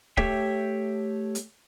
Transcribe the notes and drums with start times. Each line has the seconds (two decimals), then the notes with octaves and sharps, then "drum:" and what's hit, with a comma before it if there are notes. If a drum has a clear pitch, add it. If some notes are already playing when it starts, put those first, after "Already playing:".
0.17 A3 G4 A4 C#5 E5 G5, drum: kick
1.35 drum: hi-hat